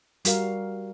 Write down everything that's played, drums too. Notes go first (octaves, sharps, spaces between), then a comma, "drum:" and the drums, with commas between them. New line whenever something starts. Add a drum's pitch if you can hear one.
G3 F#4 A#4 F5, drum: hi-hat